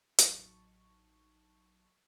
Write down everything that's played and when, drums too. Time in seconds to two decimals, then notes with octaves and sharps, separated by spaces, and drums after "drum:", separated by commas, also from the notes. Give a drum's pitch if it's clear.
0.18 A1 F#3 D#4 A5 C#6, drum: hi-hat